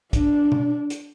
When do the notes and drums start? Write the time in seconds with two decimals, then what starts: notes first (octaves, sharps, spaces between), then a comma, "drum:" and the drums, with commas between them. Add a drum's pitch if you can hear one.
0.13 D4, drum: kick, hi-hat
0.52 drum: tom B2
0.90 drum: hi-hat